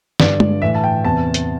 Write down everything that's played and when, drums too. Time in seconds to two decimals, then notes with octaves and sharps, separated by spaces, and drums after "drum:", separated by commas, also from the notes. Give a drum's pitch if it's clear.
0.20 G2 D3 D5, drum: snare
0.40 drum: tom G#3
0.62 A2 E3 E5
0.75 A5
0.84 G5
1.04 E2 C3 E3 A5
1.34 drum: hi-hat